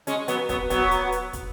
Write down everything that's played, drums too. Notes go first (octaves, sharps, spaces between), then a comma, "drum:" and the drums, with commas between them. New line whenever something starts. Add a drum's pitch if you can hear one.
G#3 C#4, drum: hi-hat
F#3 B3, drum: hi-hat
F#3 B3, drum: kick, hi-hat
F#3 B3, drum: kick, hi-hat
drum: hi-hat
drum: hi-hat
drum: kick, hi-hat